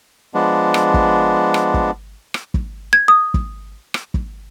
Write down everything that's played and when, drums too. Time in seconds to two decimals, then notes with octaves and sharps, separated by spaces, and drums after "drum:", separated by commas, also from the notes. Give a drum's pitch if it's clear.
0.34 F3 G#3 B3 D4
0.74 drum: rim click
0.94 drum: kick
1.54 drum: rim click
1.74 drum: kick
2.34 drum: rim click
2.54 drum: kick
2.93 G#6
3.08 D#6
3.34 drum: kick
3.94 drum: rim click
4.14 drum: kick